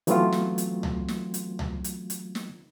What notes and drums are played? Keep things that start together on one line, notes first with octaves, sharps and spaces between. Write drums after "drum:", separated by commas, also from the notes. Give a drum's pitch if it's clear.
E3 F#3 A3 B3 C4 F4, drum: hi-hat
drum: snare
drum: hi-hat
drum: tom C#2
drum: snare
drum: hi-hat
drum: tom C#2
drum: hi-hat
drum: hi-hat
drum: snare